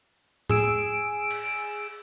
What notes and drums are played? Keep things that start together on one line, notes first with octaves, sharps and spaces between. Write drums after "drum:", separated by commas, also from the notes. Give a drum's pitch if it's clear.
G#4 E6 D7, drum: tom A2
drum: cymbal